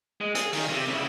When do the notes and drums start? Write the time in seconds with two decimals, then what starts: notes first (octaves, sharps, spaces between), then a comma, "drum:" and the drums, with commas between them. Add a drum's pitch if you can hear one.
0.21 G#3
0.35 G#4, drum: hi-hat
0.53 D#3, drum: open hi-hat
0.69 C3
0.89 C#3 E4